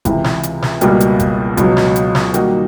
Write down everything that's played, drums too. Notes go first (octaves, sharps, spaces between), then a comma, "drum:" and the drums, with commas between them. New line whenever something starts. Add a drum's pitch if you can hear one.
C#2 C3 E3, drum: kick G1, hi-hat
drum: snare
drum: hi-hat
drum: snare
C#2 B2 G3 A#3, drum: hi-hat
drum: hi-hat
drum: kick G1, hi-hat
C#2 B2 F#3, drum: kick G1, hi-hat
drum: snare
drum: hi-hat
drum: snare
D#3 G3 A#3 D#4 F#4, drum: hi-hat